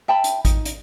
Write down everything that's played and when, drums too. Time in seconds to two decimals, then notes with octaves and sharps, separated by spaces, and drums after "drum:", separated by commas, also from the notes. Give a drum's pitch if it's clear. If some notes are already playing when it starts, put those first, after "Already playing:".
0.08 E5 G5 A5 B5
0.24 drum: hi-hat
0.45 D#4, drum: kick A1, hi-hat
0.65 drum: hi-hat